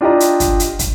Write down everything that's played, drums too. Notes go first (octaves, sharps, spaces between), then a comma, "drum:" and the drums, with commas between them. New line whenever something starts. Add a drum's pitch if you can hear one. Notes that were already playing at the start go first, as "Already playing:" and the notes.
D4 F4 G4 D5 D#5 A#5
drum: hi-hat
drum: kick, hi-hat
drum: hi-hat
drum: kick, hi-hat